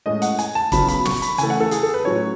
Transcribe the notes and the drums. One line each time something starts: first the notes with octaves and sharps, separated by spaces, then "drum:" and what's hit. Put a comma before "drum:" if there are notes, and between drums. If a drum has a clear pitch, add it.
A2 G#3 C#4 D#5
F#5, drum: hi-hat
G#5, drum: hi-hat
A5
C#3 F#3 B3 B5, drum: kick, hi-hat
B5, drum: hi-hat
C#6, drum: snare
B5, drum: hi-hat
C#3 E3 A3 G#5, drum: hi-hat
F#5
A4
G#4, drum: hi-hat
A4
B4
A2 F#3 C#4 C#5